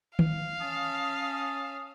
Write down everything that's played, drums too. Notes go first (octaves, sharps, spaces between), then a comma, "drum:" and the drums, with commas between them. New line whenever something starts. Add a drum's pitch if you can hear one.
F5, drum: tom D#3
C#4 A5 D#6